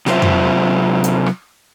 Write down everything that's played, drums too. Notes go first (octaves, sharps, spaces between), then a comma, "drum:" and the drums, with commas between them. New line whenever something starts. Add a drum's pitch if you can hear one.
C3 F#3 A3 F4 C5 E5, drum: snare
drum: tom F2
drum: hi-hat
drum: rim click